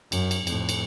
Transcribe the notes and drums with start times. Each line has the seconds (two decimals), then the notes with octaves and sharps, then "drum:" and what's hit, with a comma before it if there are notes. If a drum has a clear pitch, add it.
0.12 F#2, drum: cymbal
0.31 drum: cymbal
0.47 F2 A2, drum: cymbal
0.69 drum: cymbal